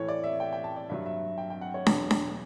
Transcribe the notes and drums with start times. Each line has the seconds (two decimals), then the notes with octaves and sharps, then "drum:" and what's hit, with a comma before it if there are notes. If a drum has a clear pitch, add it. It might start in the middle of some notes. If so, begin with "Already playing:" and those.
Already playing: A2 E3 C#5
0.09 D5
0.24 E5
0.40 G5
0.53 G5
0.64 A5
0.76 D5
0.89 G2 F#3 E5
1.06 E5
1.38 G5
1.50 G5
1.61 F#5
1.74 C#5
1.87 E2 B2 F#3, drum: snare D4
2.11 drum: snare D4